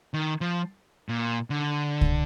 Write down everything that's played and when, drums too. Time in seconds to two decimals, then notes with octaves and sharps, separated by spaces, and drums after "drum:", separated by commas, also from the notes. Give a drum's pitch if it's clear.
0.14 D#3
0.41 F3
1.09 A#2
1.50 D3
2.01 drum: kick C2